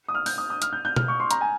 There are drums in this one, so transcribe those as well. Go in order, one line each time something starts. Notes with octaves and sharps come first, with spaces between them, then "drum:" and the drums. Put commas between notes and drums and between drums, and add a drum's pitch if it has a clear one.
D#6
F6
G6, drum: open hi-hat
D#6
D#6
F6, drum: hi-hat
G6
G6
F6, drum: tom B2
C#6
C6
A#5, drum: hi-hat
G#5